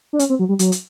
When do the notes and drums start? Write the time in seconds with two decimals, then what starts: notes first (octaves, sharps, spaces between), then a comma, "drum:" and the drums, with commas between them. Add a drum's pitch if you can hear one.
0.13 D4
0.19 C#4, drum: hi-hat
0.30 C4
0.39 F#3
0.49 G3
0.59 F#3, drum: hi-hat
0.72 drum: hi-hat